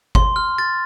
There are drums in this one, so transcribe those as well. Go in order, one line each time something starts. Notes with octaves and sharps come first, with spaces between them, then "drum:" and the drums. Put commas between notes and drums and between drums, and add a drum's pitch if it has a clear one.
C6, drum: kick G1
F6
A6